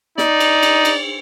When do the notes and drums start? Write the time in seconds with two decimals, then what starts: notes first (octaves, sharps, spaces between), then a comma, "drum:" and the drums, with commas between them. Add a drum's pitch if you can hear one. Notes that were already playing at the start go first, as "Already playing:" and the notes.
0.18 D#4 D5, drum: snare
0.40 drum: cymbal
0.63 drum: cymbal
0.85 drum: cymbal